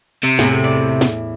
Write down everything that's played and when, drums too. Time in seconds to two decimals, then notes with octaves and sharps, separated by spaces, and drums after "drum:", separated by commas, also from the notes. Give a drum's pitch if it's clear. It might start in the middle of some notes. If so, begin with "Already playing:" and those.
0.23 C3
0.39 E2 A2 E3, drum: snare
0.64 D5
1.01 drum: snare